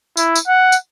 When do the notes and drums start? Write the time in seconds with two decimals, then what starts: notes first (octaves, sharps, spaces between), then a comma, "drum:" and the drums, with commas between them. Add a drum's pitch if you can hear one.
0.17 E4, drum: tambourine
0.35 drum: tambourine
0.47 F#5
0.72 drum: tambourine